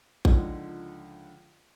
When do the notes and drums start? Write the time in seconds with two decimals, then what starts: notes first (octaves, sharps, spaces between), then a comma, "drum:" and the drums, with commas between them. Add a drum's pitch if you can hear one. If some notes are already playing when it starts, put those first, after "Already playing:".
0.25 C#2 D3 F3 D#4, drum: kick